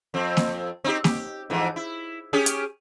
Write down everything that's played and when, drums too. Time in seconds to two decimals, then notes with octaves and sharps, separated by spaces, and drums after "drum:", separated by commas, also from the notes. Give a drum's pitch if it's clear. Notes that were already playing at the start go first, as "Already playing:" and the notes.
0.14 F2 C4
0.37 drum: snare A#3
0.84 C4 D#4 G4
1.04 G4, drum: snare A#3
1.50 F2 G#2 E3
1.76 E4
2.33 C#4 G4 G#4
2.46 drum: hi-hat